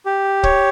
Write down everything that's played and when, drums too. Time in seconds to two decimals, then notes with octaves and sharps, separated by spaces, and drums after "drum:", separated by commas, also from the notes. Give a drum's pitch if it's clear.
0.06 G4
0.43 C#5, drum: kick